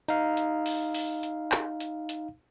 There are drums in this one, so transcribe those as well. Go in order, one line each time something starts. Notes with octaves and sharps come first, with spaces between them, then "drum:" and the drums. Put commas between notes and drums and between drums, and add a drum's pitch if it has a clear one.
D#4 F5, drum: hi-hat
drum: hi-hat
drum: open hi-hat
drum: open hi-hat
drum: hi-hat
drum: clap
drum: hi-hat
drum: hi-hat